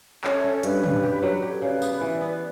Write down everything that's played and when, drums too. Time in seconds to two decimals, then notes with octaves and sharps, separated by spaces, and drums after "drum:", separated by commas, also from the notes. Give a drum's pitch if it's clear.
0.24 C#4 A4 C#5, drum: clap
0.36 E5
0.44 C#4 D5
0.55 C#5
0.63 G2 B4, drum: hi-hat
0.83 G2, drum: tom
1.03 G4
1.23 F#3
1.42 G4 A4 C#5
1.62 C#3 B4 D5
1.82 B3, drum: tambourine
2.01 E3
2.21 B3